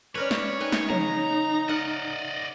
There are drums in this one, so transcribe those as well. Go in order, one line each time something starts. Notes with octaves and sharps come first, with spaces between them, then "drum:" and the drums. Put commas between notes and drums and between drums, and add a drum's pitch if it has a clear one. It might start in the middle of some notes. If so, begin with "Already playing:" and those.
C#4 A#4 B4 C#5 D5
drum: snare
D#4 B4 G5 G#5
drum: snare
C#3 A#5, drum: tom
A#4 D5 D#5 F#5